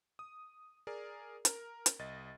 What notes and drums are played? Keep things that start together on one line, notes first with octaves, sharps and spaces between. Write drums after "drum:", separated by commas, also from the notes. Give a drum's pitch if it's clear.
D#6
G#4 A#4 D5
A#4, drum: hi-hat
drum: hi-hat
C2 D#5 A6